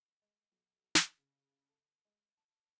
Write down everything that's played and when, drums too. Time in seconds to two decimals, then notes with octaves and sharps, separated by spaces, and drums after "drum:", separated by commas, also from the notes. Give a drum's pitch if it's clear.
0.22 G#3
0.52 B1
0.95 drum: snare
1.18 C#3
1.69 A4
2.05 G#3
2.37 A5